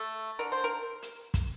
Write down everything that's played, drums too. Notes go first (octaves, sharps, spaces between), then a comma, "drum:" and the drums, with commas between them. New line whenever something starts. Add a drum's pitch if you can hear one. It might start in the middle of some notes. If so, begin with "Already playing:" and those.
Already playing: A3 A4
D3 A#4
C5
A#4
drum: hi-hat
drum: kick, hi-hat